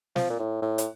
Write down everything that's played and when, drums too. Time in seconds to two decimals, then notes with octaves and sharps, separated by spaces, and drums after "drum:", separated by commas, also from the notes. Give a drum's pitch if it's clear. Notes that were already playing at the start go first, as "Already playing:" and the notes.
0.16 F3, drum: snare
0.30 A#2
0.40 A2
0.62 A2
0.78 drum: hi-hat